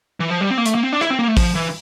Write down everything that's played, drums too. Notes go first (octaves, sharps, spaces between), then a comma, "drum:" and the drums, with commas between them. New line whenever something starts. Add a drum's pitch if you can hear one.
E3
F3
G3
C4
A#3
A3, drum: hi-hat
A#3
C4
D4
E4, drum: rim click
C4
A#3
A3
F3, drum: kick A1, open hi-hat
E3